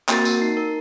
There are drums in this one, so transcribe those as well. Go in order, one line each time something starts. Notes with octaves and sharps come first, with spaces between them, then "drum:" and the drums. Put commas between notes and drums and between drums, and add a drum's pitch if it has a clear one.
A#3 C4 F#4 A#4 A6, drum: clap
A#4, drum: tambourine
D#4 C7
A#4